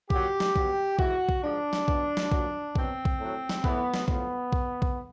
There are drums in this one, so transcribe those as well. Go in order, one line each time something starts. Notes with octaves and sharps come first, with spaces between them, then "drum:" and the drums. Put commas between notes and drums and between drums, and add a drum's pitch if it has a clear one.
A#2 F#3 G4, drum: kick B1
drum: snare
B2 F#3, drum: kick B1
G#2 E3 F#4, drum: kick B1
drum: kick B1
G#2 F3 D4
drum: snare
B2 F#3, drum: kick B1
drum: snare
A#2 F#3, drum: kick B1
B2 F#3 C4, drum: kick B1
drum: kick B1
A2 F#3
drum: snare
A2 E3 B3, drum: kick B1
drum: snare
A2 F3 B3, drum: kick B1
drum: kick B1
drum: kick B1